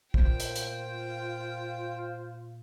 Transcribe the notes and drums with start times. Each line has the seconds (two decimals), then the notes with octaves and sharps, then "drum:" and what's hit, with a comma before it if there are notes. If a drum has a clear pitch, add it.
0.14 A#2 B3 F4 C5 G5, drum: kick
0.40 drum: hi-hat
0.56 drum: hi-hat